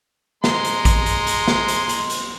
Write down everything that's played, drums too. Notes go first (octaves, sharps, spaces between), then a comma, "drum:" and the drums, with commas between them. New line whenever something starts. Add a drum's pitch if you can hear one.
G#3 A#5 C6, drum: snare
drum: hi-hat
drum: kick A1, hi-hat
drum: hi-hat
drum: hi-hat
drum: snare
drum: hi-hat
drum: hi-hat
drum: hi-hat